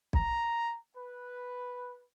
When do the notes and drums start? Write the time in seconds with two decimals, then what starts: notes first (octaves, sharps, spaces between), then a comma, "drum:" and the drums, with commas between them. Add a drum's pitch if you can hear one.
0.13 A#5, drum: kick B1
0.96 B4